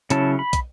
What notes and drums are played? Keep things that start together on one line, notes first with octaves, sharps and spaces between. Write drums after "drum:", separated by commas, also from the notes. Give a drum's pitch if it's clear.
C#3 F#3 C#4 E4 A5, drum: hi-hat
B5
drum: kick, hi-hat